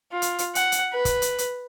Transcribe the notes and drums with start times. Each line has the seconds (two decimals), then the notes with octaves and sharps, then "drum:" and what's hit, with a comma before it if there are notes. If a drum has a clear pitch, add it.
0.12 F4
0.22 drum: hi-hat
0.38 drum: hi-hat
0.55 F#5, drum: hi-hat
0.72 drum: hi-hat
0.93 B4
1.05 drum: kick, hi-hat
1.22 drum: hi-hat
1.38 drum: hi-hat